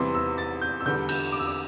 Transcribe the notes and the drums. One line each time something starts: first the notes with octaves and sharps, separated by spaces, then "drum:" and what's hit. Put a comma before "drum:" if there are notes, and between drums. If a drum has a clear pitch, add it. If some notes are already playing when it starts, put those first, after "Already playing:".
Already playing: E2 C3 E3 G3 C6
E6
A6
G6
E6
E2 D3 G3 G6
G6, drum: cymbal
D6
E6
D6